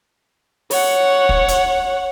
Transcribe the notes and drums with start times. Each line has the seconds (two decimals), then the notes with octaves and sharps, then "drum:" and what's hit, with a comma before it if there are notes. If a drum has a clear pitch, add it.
0.71 C#5 F#5, drum: open hi-hat
1.29 drum: kick
1.49 drum: hi-hat